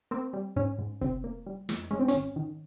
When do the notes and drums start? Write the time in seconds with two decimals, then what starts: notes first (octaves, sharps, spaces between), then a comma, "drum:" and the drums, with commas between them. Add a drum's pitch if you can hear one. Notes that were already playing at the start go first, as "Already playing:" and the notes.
0.11 A#3 C4
0.33 G3
0.56 G#2 C#4
0.79 G#2
1.01 C3 C4, drum: kick
1.24 A#3
1.46 G3
1.69 F2, drum: snare
1.91 G#3 C#4
1.99 C4
2.08 G#1 C#4, drum: hi-hat
2.36 D#3